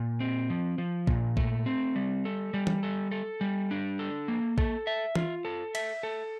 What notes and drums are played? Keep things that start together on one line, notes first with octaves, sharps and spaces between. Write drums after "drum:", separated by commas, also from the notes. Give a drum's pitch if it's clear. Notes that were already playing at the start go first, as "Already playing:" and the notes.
Already playing: A#2
C4
F3
F3
A#2, drum: kick A#1
A3, drum: kick A#1
C4
G3
A4
G3
drum: tom E3
A4
A4
G3
D4
A4
A#3
A4, drum: kick A#1
E5
F4, drum: tom E3
A4
E5, drum: cymbal
A4